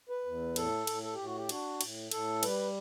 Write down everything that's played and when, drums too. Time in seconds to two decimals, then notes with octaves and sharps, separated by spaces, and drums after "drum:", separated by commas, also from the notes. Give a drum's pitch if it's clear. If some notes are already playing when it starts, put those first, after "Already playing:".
0.09 B4
0.25 E2
0.56 A2 A4, drum: cymbal
0.87 A2, drum: cymbal
1.03 A4
1.14 A2 G4
1.25 F#4
1.36 G4
1.49 D4 F#4, drum: cymbal
1.81 A2, drum: cymbal
2.11 A2 A4, drum: cymbal
2.43 G3 B4, drum: cymbal